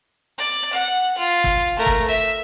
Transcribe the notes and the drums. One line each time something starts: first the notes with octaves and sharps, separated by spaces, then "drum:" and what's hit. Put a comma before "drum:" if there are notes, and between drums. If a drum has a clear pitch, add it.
D5
F#5
F4
drum: kick
A3 A#4
drum: kick
E5